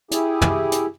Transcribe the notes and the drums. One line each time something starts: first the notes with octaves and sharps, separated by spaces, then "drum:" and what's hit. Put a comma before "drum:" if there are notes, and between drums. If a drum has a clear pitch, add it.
E4 G4 G#4, drum: hi-hat
drum: tom
drum: hi-hat